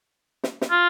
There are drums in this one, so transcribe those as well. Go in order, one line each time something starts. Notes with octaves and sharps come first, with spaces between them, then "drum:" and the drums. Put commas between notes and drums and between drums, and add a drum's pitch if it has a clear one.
drum: snare
drum: snare
F4